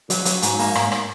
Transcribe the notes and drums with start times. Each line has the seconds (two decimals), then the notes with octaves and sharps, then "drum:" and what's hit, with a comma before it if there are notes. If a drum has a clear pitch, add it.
0.10 F#3, drum: hi-hat
0.25 F#3, drum: hi-hat
0.42 G#2, drum: hi-hat
0.59 A#3, drum: open hi-hat
0.75 G#2, drum: rim click
0.92 drum: rim click